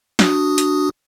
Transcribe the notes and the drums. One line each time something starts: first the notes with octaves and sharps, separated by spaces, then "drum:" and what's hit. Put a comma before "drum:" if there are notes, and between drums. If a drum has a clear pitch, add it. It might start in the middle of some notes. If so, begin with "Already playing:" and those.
D4 F#4 D#6, drum: snare
drum: hi-hat